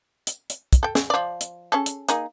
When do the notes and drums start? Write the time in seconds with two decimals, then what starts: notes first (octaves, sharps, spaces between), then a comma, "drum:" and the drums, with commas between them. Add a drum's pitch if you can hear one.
0.27 drum: hi-hat
0.50 drum: hi-hat
0.73 drum: kick, hi-hat
0.83 A4 G5
0.95 G#4, drum: snare
1.10 F3 D5
1.41 drum: hi-hat
1.72 C#4 G#4 A4
1.86 drum: hi-hat
2.09 A#3 D#4 G#4, drum: hi-hat